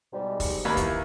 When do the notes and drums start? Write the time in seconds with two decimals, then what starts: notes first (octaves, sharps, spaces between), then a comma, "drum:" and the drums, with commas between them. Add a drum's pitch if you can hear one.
0.13 G#2 B2 G3
0.40 drum: kick, open hi-hat
0.65 D#2 A#3 B4 B5
0.77 E3, drum: kick, hi-hat